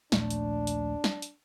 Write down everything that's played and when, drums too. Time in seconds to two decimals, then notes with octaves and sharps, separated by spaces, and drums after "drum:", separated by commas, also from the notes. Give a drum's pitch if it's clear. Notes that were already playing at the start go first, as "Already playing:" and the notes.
0.12 D#1 A#1 A3 D4, drum: snare
0.30 drum: hi-hat
0.67 drum: hi-hat
1.04 drum: snare
1.22 drum: hi-hat